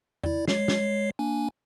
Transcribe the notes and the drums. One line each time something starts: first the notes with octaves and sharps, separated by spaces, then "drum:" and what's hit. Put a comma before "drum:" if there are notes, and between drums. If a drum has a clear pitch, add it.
E4 D5, drum: tom E2
G#3 C#5 C7, drum: snare
drum: snare
A#3 D4 G#5